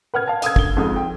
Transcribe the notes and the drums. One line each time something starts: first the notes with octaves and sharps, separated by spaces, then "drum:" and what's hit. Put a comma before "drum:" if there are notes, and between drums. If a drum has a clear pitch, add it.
B4 F#5 F6 G#6
F5 A5
F5 D#6 E6 G#6, drum: hi-hat
D2 G7, drum: kick
F2 G#2 D#6
G5